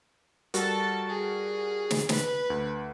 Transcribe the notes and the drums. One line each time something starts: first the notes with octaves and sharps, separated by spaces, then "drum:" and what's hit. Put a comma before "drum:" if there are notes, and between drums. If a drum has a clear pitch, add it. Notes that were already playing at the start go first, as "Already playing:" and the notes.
G3 F#4 A4 A#4 A5, drum: hi-hat
G#4
drum: snare
B4, drum: snare
D2